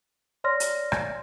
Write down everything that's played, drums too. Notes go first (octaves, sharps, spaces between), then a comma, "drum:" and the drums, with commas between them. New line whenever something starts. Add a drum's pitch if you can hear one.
C#5 D5 C6 F6 A#6
drum: hi-hat
drum: rim click